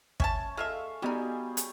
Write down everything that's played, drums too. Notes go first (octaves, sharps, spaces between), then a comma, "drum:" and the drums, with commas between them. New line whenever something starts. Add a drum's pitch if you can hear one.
C#4 E5 G#5 A5, drum: kick
G#3 F4 A4 E5 F5
G3 G#3 B3 D#4 F#4 G#4 G#5
drum: hi-hat